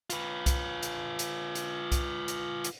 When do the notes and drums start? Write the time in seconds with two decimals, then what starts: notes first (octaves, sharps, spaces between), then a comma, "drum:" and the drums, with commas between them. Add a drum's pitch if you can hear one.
0.10 F4 B4, drum: hi-hat
0.46 drum: kick C2, hi-hat
0.83 drum: hi-hat
1.19 drum: hi-hat
1.55 drum: hi-hat
1.92 drum: kick C2, hi-hat
2.28 drum: hi-hat
2.64 drum: hi-hat